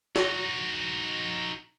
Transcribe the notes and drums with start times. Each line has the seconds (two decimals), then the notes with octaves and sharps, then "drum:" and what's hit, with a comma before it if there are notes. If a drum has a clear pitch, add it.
0.16 D#4 F#4, drum: snare